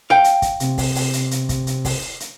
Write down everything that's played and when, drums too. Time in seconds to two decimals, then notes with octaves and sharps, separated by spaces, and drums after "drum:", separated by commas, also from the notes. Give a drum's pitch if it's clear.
0.10 F5 G5
0.24 drum: hi-hat
0.42 drum: kick, hi-hat
0.60 C3, drum: hi-hat
0.78 drum: kick, open hi-hat
0.96 drum: open hi-hat
1.13 drum: hi-hat
1.31 drum: hi-hat
1.49 drum: kick, hi-hat
1.67 drum: hi-hat
1.85 drum: kick, open hi-hat
2.20 drum: hi-hat